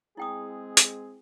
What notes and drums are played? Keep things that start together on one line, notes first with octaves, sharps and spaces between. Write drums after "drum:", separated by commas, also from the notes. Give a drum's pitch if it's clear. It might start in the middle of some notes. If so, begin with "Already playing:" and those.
G#3 C4 E4 G#4 G5 D#6
drum: hi-hat